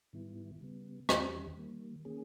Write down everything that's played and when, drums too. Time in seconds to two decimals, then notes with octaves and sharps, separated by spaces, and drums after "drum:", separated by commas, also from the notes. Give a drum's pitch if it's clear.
0.13 G#2 D#3 G3 B3 E4
0.61 C#3 G3 B3
1.09 E2 D#3 G3 C#4 G4, drum: rim click
1.57 D#3 G3 A#3
2.05 D#3 A#3 C#4 G#4